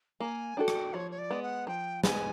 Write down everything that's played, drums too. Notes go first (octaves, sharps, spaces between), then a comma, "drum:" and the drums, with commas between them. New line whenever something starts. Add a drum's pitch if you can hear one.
A#3 G#5
D4 F#4 A4 G5
drum: rim click
F3 C#5
C#5
D5
G#3 B3
F#5
F3 G5
G#3 B3 G#5, drum: snare